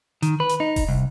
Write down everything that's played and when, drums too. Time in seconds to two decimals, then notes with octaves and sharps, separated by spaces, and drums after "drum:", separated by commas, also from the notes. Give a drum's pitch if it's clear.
0.22 D#3, drum: hi-hat
0.40 B4
0.49 drum: hi-hat
0.60 D#4
0.76 drum: kick E1, open hi-hat
0.89 C2